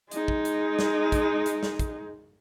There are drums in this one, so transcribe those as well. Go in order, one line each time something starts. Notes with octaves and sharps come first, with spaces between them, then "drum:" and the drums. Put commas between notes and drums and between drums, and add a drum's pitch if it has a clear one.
G#3 D#4, drum: hi-hat
drum: kick
drum: hi-hat
drum: snare
drum: kick, hi-hat
drum: hi-hat
drum: snare
drum: kick, hi-hat